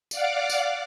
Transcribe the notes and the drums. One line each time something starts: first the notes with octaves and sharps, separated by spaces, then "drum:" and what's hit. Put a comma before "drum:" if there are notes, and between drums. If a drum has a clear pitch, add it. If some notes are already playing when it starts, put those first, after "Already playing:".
D5 F5 F#5 D6, drum: tambourine
drum: tambourine